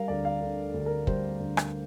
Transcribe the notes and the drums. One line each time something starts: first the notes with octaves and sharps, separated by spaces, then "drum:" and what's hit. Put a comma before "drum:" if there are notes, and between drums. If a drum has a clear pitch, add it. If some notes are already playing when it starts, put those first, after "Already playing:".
Already playing: G3 A#4 F5
D2 D5
F5
D3
D2
A#4
G3 C5, drum: kick
D2
drum: rim click